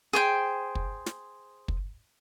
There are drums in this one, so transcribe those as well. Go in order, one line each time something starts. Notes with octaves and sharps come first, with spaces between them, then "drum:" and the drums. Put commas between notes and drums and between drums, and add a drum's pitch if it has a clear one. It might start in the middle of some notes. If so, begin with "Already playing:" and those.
G#4 C5 G5
drum: kick
drum: snare
drum: kick